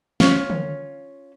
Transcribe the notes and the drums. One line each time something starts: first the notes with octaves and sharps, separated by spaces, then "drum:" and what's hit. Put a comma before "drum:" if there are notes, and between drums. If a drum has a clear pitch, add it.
C#4 F4 C#5 F5, drum: snare
drum: tom D3